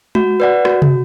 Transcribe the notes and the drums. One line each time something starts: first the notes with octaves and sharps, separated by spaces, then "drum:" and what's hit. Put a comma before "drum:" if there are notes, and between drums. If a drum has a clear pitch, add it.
F#4, drum: tom G#3
B4 D5 F#5
F#4, drum: rim click
drum: tom